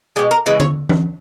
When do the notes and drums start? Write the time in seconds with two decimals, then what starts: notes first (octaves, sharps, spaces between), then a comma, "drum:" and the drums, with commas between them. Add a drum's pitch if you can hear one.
0.16 B2 G#3 G4
0.31 A#4
0.46 C#3 E3 G#3 B4
0.60 C#5, drum: tom D3
0.89 drum: tom E3